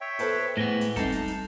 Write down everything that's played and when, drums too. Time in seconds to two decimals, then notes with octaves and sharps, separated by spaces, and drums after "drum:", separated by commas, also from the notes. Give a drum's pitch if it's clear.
0.01 C#5 E5 G5
0.19 A4 B4 C5, drum: hi-hat
0.57 A2 E3 G#3 B3 A#6 G7
0.81 drum: hi-hat
0.96 G3 C4 D#4 A4 A5, drum: kick, hi-hat
1.12 drum: hi-hat
1.28 drum: hi-hat